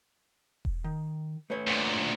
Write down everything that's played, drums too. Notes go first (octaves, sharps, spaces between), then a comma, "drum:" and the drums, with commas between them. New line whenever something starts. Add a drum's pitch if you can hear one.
drum: kick E1
D#3
A3 B4 C#5
D2 A#2